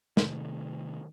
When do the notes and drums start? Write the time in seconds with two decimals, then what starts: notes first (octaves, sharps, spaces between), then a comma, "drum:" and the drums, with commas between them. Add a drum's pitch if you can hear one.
0.17 C3 D#3 A3, drum: snare